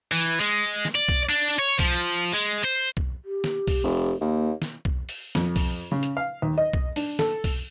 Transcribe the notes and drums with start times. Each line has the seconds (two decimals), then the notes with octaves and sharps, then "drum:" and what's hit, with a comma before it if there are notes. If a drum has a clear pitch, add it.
0.12 E3
0.40 G#3, drum: hi-hat
0.85 drum: snare
0.95 D5
1.08 drum: kick B1
1.29 D4, drum: open hi-hat
1.59 C#5
1.79 F3, drum: kick B1, open hi-hat
2.33 G#3
2.65 C5
2.97 drum: kick B1
3.25 G4
3.44 drum: snare
3.67 drum: kick B1, open hi-hat
3.84 F1
4.21 D#2 A#3
4.62 drum: snare
4.85 drum: kick B1
5.09 drum: open hi-hat
5.35 F2, drum: snare
5.56 drum: kick B1, open hi-hat
5.92 C#3
6.03 drum: hi-hat
6.17 F5
6.42 D#2
6.58 D#5
6.73 drum: kick B1
6.96 D4, drum: open hi-hat
7.19 A4, drum: snare
7.44 drum: kick B1, open hi-hat